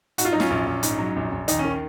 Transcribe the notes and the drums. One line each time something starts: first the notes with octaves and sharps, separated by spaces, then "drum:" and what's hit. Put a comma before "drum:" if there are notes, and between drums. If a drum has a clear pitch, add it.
G#2 F#4, drum: hi-hat
F4
F#3 D#4
C#4 F4, drum: snare
A#1
A#1
G#2, drum: hi-hat
F#3
A#1
A#1
D#2 D#4, drum: hi-hat
C#4
D#3